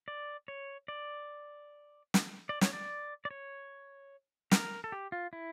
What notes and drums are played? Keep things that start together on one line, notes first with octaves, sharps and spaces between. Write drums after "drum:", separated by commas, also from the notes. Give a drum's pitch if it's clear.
D5
C#5
D5
drum: snare
D5
C#5, drum: snare
D5
D5
C#5
A#4, drum: snare
A4
G4
F4
E4